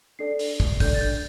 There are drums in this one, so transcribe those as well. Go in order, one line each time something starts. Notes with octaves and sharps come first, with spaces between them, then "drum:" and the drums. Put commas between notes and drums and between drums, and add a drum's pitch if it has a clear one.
D4 A4 D5 C7
drum: open hi-hat
drum: kick
D4 A4 D5 G6, drum: kick, open hi-hat
A6
G6